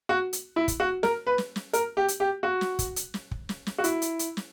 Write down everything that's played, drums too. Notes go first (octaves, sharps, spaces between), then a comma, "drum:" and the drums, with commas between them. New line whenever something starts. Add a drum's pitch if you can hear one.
F#4
drum: hi-hat
E4
drum: kick, hi-hat
F#4
A#4, drum: snare
B4
drum: snare
drum: snare
A#4, drum: hi-hat
G4
drum: hi-hat
G4
F#4
drum: snare
drum: kick, hi-hat
drum: hi-hat
drum: snare
drum: kick
drum: snare
drum: snare
F#4
E4, drum: hi-hat
drum: hi-hat
drum: hi-hat
drum: snare